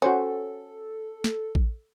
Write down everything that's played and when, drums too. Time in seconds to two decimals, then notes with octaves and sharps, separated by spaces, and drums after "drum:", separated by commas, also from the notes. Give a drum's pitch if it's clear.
0.02 C#4 F#4 A4 C5 C#5
1.24 drum: snare
1.55 drum: kick A1